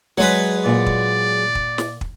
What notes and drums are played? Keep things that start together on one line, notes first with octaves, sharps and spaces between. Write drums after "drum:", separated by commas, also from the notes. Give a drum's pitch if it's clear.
F#3 G#3 B4 C#5
A#2 D5 F#5
drum: kick
drum: kick
drum: snare
drum: kick